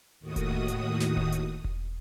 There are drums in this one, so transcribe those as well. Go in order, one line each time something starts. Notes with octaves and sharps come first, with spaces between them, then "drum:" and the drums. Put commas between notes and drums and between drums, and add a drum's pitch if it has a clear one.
D#2 A2 D#3 F#4 D#6
drum: kick E1, hi-hat
drum: hi-hat
drum: snare
drum: kick E1
drum: hi-hat
drum: kick E1